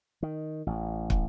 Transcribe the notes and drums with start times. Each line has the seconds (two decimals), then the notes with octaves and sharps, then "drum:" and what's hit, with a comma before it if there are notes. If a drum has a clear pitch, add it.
0.23 D#3
0.67 A1
1.10 drum: kick